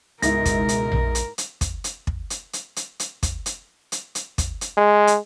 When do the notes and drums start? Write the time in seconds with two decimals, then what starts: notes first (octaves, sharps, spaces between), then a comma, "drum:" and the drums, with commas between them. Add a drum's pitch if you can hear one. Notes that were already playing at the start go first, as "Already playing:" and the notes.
0.22 C#2 G#2 B2 G#3 D#4 E4 A#4 A#6, drum: hi-hat
0.46 drum: kick, hi-hat
0.69 drum: hi-hat
0.92 drum: tom A#1
1.15 drum: hi-hat
1.38 drum: hi-hat
1.61 drum: kick, hi-hat
1.84 drum: hi-hat
2.07 drum: kick
2.30 drum: hi-hat
2.53 drum: hi-hat
2.76 drum: hi-hat
3.00 drum: hi-hat
3.23 drum: kick, hi-hat
3.46 drum: hi-hat
3.92 drum: hi-hat
4.15 drum: hi-hat
4.38 drum: kick, hi-hat
4.61 drum: hi-hat
4.77 G#3
5.07 drum: hi-hat